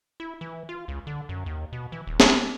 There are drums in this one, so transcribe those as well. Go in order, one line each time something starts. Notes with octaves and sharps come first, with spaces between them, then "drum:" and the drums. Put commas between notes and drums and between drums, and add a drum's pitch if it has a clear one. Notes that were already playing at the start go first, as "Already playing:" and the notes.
E4
E3
F4
C#2
D3
F#2
D#2
B2
E3
D#1
drum: snare
G4